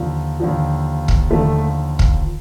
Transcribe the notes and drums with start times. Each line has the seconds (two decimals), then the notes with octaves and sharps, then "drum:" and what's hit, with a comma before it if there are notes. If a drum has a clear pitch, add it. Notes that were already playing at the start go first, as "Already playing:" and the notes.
Already playing: D#2 D3 F3
0.40 D#2 D3 F3
1.08 drum: kick
1.31 D#2 D3 F3 A3
1.99 drum: kick